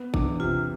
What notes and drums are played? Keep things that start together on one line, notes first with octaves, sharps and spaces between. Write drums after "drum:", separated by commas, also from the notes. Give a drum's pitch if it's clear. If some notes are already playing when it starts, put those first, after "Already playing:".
Already playing: B3
E2 D4, drum: kick G#1
C3 F4